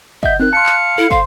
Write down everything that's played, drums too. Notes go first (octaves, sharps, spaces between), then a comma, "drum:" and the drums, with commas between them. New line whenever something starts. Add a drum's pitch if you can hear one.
D#5 E5 F#5 G6, drum: kick
C4 D#4 A#4 F#6
F5 A5 C6 C#7
drum: clap
E4 A4
C5 F5, drum: kick